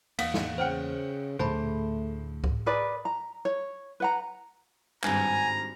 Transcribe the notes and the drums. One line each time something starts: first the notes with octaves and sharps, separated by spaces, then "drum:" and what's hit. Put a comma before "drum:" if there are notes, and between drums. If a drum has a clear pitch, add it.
E2 A#3 F5 F#5 D#6 B6, drum: cymbal
drum: snare
C#3 C5 F#5 G5 F6
D2 A2 D3 A3 G#4 C5 A5 B5, drum: tom A#2
drum: kick C#2
G#4 A#4 B4 D5
A#5
C#5
B4 F#5 A#5
G#1 G2 G#5 A#5, drum: clap